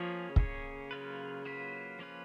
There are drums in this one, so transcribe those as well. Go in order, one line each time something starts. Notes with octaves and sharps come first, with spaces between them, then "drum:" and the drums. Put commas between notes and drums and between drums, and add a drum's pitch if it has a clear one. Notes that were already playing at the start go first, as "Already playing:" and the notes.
Already playing: F3 A#3 C#4 G#4 C#5
C#3 A#3 C#4 G#4 C#5, drum: kick
F#3 A#3 F4 B4
F#3 A#3 F4 B4
F3 A#3 C#4 F4 B4